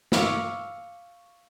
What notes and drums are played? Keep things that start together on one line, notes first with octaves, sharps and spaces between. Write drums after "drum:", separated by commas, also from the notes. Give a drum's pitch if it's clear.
F5 C#6 D6 E6, drum: snare